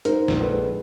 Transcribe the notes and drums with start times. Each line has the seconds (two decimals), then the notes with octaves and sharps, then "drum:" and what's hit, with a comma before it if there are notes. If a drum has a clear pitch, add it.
0.05 G#2 A#4 C5, drum: hi-hat
0.28 A#1, drum: snare
0.40 A4 B4
0.51 G#3